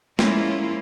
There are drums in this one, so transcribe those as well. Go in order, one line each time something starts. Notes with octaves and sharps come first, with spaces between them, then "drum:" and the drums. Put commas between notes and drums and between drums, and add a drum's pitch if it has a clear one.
F3 G#3 A#3 C#4 E4 F4, drum: snare